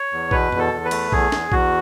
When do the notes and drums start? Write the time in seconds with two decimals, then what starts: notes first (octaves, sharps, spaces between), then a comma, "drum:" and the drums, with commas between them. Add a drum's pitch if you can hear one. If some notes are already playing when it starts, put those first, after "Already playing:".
Already playing: C#5
0.12 E2
0.31 B2 B4, drum: kick A#1
0.52 E2, drum: tom F2
0.59 A4
0.72 E2
0.85 B4
0.91 A3, drum: cymbal
1.12 E2 G#4, drum: kick A#1
1.32 E2, drum: snare
1.52 E2 F#4, drum: kick A#1